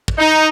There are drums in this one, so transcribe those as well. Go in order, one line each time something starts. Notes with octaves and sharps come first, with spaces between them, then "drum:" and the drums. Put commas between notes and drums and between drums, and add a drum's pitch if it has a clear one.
drum: kick
D#4